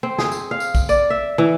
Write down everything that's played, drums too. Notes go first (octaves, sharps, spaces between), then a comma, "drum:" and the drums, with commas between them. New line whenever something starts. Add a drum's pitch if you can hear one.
C4
G#4, drum: snare
drum: tambourine
F5
drum: tambourine
drum: kick, tambourine
D5, drum: tambourine
E5
E3